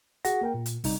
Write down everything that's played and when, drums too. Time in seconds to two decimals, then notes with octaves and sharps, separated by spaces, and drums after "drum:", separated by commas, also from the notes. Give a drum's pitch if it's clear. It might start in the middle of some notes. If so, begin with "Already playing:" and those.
0.25 F#4 G#4 F#5 A#6, drum: hi-hat
0.41 A#3 A#4 G5
0.54 A#2
0.66 drum: hi-hat
0.84 C3 G3 D#4, drum: kick, open hi-hat